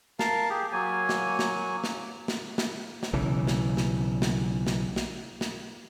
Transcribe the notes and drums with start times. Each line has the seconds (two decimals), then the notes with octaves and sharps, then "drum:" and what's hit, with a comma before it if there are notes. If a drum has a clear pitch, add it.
0.19 A#4 F5 A5, drum: snare
0.50 G4 G#4
0.72 F#3 A#3 C#5 G#5
1.09 drum: snare
1.39 drum: snare
1.84 drum: snare
2.28 drum: snare
2.58 drum: snare
3.03 drum: snare
3.13 B1 C#3 E3
3.47 drum: snare
3.77 drum: snare
4.22 drum: snare
4.67 drum: snare
4.96 drum: snare
5.41 drum: snare